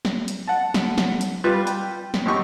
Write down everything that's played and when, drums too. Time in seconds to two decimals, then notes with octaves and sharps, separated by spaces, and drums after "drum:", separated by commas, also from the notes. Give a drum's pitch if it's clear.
0.05 drum: snare
0.28 drum: hi-hat
0.47 F#5 A5
0.74 drum: snare
0.98 drum: snare
1.21 drum: hi-hat
1.44 G3 F4 B4
1.67 G5, drum: hi-hat
2.14 drum: snare
2.26 G#1 F#2 D#4 G4 C#6